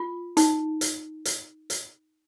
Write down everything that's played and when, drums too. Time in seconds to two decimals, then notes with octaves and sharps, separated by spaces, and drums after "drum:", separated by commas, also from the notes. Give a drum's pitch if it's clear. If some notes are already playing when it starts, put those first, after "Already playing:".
Already playing: F4
0.37 D#4, drum: hi-hat
0.81 drum: hi-hat
1.25 drum: hi-hat
1.70 drum: hi-hat